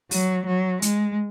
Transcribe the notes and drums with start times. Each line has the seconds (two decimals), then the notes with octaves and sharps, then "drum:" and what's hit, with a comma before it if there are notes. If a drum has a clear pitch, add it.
0.11 F#3, drum: open hi-hat
0.46 F#3
0.82 G#3, drum: hi-hat